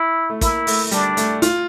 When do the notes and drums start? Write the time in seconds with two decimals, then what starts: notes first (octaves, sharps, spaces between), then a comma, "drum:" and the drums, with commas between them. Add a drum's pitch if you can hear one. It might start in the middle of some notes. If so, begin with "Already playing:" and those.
Already playing: E4
0.30 A3
0.41 A#3 E4, drum: kick, hi-hat
0.67 A3, drum: open hi-hat
0.91 G3 D4, drum: hi-hat
1.17 A3, drum: hi-hat
1.42 F4, drum: hi-hat